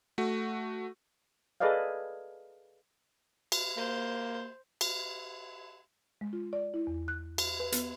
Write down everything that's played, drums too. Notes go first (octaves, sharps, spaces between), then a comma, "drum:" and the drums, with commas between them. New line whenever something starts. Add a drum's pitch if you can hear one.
A3 F#4
G#4 A4 B4 D5 D#5 F5
drum: cymbal
A#3 C5
drum: cymbal
G#3
F4
D5
E4
E2
F#6
drum: cymbal
B4
B3, drum: hi-hat